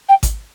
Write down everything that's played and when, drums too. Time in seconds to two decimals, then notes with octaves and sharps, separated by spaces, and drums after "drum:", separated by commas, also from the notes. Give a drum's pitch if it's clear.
0.09 G5
0.23 drum: kick G#1, hi-hat